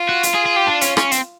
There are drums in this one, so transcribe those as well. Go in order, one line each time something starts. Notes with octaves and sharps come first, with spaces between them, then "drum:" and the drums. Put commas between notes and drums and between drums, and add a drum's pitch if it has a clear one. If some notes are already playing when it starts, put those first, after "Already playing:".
Already playing: F4
F#4
drum: hi-hat
G#4
G#4
G4
D4
C#4, drum: hi-hat
C#4, drum: rim click
C4, drum: hi-hat